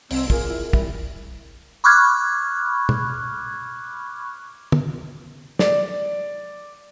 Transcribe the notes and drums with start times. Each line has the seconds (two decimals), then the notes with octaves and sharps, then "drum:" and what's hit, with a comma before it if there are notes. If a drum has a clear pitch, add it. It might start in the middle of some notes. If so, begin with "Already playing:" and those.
0.11 C2 C4 E6, drum: open hi-hat
0.30 F4 G#4 A#4, drum: kick
0.50 E4
0.73 A1 G3 E4, drum: kick
1.84 B5 C#6 D6 F6 F#6 G#6
2.89 drum: tom
4.72 drum: tom
5.59 D5, drum: snare